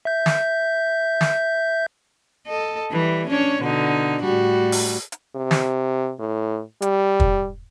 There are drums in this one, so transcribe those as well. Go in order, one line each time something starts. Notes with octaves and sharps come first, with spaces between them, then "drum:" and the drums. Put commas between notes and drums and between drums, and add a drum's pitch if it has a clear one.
E5 G6
drum: snare
drum: snare
A4 D#5
E3 G3
C#4 D4 C#5
B2 D3 D#4
A2 G3 F#4
drum: open hi-hat
drum: hi-hat
C3
drum: snare
A2
G3, drum: hi-hat
drum: kick